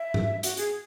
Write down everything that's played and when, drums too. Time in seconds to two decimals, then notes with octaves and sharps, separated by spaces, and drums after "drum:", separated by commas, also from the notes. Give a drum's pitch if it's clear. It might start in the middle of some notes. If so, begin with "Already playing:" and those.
Already playing: E5
0.14 drum: tom G#2
0.43 F#4, drum: hi-hat
0.57 G#4, drum: hi-hat